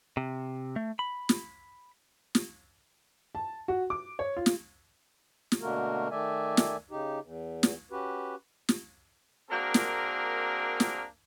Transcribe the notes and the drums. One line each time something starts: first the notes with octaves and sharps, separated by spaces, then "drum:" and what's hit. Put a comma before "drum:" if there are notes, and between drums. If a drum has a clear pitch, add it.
C3
A3
B5
drum: snare
drum: snare
A5
F#4
D6
C#5
F4
drum: snare
drum: snare
B2 D3 A3 A#3 F#4 A#4
D#3 A3 D5 E5 G#5
drum: snare
C#3 D#4 G4
E2
drum: snare
C#4 F#4 G4 B4
drum: snare
A#3 C4 D4 F#4 G#4 A#4
drum: snare
drum: snare